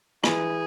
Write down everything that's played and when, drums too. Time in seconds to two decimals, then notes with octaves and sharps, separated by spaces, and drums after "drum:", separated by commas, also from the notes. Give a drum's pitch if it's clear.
0.24 E3 G#4, drum: rim click